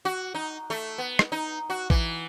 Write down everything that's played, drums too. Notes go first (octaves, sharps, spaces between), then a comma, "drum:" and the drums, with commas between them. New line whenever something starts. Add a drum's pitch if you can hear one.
F#4
D#4
A3
B3
drum: rim click
D#4
F#4
E3, drum: kick A1